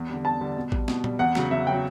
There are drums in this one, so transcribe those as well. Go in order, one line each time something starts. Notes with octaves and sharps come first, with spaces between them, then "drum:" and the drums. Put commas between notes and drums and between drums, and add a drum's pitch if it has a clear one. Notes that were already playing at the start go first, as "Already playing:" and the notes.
Already playing: E2
D3 G3
E2 A5
D3 G3
B2
G3, drum: kick A1
B2, drum: snare
G3, drum: tom A#2
E2 F#5
C#3 F#3, drum: snare
E2 E5
C#3 F#3 G5